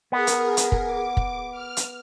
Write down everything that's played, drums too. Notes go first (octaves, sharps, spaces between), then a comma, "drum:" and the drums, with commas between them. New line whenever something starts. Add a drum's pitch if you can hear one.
B3 G#4 A#4
drum: hi-hat
drum: hi-hat
drum: kick
D6
drum: kick
F6
drum: hi-hat